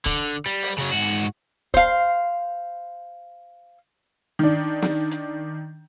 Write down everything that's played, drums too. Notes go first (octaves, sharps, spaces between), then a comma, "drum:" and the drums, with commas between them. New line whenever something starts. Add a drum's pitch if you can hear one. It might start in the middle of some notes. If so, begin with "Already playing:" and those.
D3, drum: kick
G3, drum: hi-hat
drum: open hi-hat
C#3 F#3
G#2 F#4
C5 F5, drum: kick
D#3 D4
drum: snare
drum: hi-hat